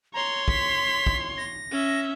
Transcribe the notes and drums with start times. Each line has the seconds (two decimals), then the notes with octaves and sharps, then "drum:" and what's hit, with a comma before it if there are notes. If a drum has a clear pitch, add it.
0.14 C#5 A#5 C6
0.48 B6, drum: kick
1.07 drum: kick
1.38 A#6
1.72 C#4 E5